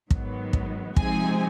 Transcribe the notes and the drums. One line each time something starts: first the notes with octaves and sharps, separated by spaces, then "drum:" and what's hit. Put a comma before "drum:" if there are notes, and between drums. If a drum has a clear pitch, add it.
G#2 D#3 F#3 B3, drum: kick
drum: kick
C3 F3 G#3 C4 D#4 G#4 G#5, drum: kick